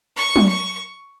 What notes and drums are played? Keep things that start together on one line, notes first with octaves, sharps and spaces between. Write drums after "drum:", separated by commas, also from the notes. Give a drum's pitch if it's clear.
C#6
drum: tom F#3
C#6